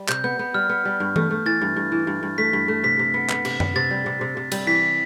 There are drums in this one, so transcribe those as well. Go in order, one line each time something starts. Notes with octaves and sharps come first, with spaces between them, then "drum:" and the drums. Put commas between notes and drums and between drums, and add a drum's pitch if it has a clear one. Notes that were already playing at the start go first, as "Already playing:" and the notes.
Already playing: G3
C3 G6, drum: clap
B3 G6
B3
G3 F6
B3
G3
G2
A3, drum: tom E3
A3
E3 A6
G2
G2
E3
G2
G2
A3 B6
G2
A3
C3 B6
C3
B3
B3, drum: clap
C3, drum: cymbal
B3, drum: tom F#2
C3 A6
G3
C3
C3
C3
G3, drum: cymbal
E3 B6